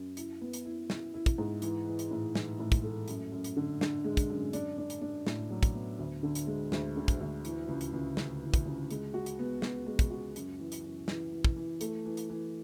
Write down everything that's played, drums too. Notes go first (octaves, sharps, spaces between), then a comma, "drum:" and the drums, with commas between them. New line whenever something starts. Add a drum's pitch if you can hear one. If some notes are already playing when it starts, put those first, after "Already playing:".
Already playing: F#2
E4, drum: hi-hat
B3
drum: hi-hat
E4
E4, drum: snare
E4
drum: kick, hi-hat
G#2
E3, drum: hi-hat
E3
drum: hi-hat
A2
E3, drum: snare
A2
drum: kick, hi-hat
A3
F#2, drum: hi-hat
F#2
drum: hi-hat
D3
D3, drum: snare
G#3
drum: kick, hi-hat
F#2
D4, drum: hi-hat
D4
drum: hi-hat
D4
A2, drum: snare
F#3
drum: kick, hi-hat
B3
D2
D3
drum: hi-hat
G#3
D2, drum: snare
D3
drum: kick, hi-hat
D2
E3, drum: hi-hat
C#2
drum: hi-hat
C#2
C#2, drum: snare
E3
drum: kick, hi-hat
C#2
G#3, drum: hi-hat
F#4
drum: hi-hat
B3
B3, drum: snare
G#3
drum: kick, hi-hat
F#4
F#2, drum: hi-hat
E3
drum: hi-hat
F#2
E3, drum: snare
E3
drum: kick
E3
A3, drum: hi-hat
E3
drum: hi-hat
E3